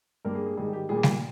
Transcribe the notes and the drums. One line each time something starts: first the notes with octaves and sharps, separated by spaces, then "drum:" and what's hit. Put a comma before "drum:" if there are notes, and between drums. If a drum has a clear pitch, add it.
G2 G3 A#3 A#4
G#4
G#4
G#2 D#3 G3 G#4
G4
A#2 G3 A#3 G#4
drum: snare G3